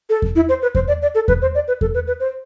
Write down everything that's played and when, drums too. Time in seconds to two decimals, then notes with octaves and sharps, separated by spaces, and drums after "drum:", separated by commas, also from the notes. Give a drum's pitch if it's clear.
0.09 A4
0.22 drum: kick E2
0.36 E4
0.49 C5
0.62 B4
0.75 C5, drum: kick E2
0.88 D5
1.02 D5
1.15 A4
1.28 B4, drum: kick E2
1.42 C5
1.55 D5
1.68 B4
1.81 A4, drum: kick E2
1.94 B4
2.07 B4
2.20 C5